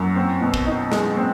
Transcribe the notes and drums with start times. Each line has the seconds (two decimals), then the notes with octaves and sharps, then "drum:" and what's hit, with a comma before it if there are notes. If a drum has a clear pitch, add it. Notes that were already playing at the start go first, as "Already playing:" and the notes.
Already playing: F#2 F#3
0.16 C4
0.41 B2
0.54 drum: kick
0.66 D#4
0.92 G#3, drum: snare
1.17 C4